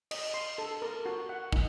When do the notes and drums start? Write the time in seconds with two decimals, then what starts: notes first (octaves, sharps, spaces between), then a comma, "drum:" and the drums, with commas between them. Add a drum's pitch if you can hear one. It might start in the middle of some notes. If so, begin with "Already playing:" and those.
0.11 D#5, drum: cymbal
0.34 C6
0.58 A4
0.82 A#4
1.06 F#4
1.29 F#5
1.52 D#4, drum: kick